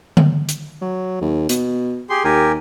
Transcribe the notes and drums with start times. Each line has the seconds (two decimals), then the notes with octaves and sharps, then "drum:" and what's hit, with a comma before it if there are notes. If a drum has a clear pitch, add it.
0.17 drum: tom D3
0.49 drum: hi-hat
0.82 F#3
1.21 D#2
1.49 B2, drum: hi-hat
2.10 G4 G#4 C6
2.24 D#2 G4 A#4 G#5